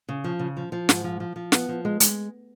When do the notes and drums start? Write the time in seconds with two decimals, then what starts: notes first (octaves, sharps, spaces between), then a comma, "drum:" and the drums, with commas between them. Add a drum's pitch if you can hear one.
0.09 C#3
0.24 F3
0.39 C#3
0.57 F3
0.72 F3
0.89 G#2, drum: snare
1.04 F3
1.20 F3
1.36 F3
1.52 B3, drum: snare
1.69 F3
1.85 G#3
2.00 G#3, drum: hi-hat